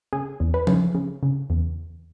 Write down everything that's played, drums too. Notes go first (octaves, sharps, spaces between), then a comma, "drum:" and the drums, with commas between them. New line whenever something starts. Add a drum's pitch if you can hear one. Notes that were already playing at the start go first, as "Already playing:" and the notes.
C#3 G#4
E2
B4
C#3, drum: tom F3
C#3
C#3
E2